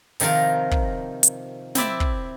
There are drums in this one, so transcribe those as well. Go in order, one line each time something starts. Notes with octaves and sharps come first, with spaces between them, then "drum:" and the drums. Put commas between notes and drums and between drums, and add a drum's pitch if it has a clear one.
C3 D#3 F3 F4 A#4, drum: open hi-hat
drum: kick
drum: hi-hat
C4 E4 D5 E5, drum: snare
drum: kick